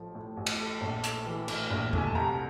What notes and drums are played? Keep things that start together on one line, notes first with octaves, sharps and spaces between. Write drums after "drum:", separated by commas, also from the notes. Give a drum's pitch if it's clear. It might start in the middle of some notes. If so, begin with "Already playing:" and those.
Already playing: A1 F3 A3
A2
A1
drum: cymbal
A3
A#1 A5
A3, drum: hi-hat
E3
A2, drum: cymbal
A#1
A3 G#5, drum: tom E2
A5
C2 A#5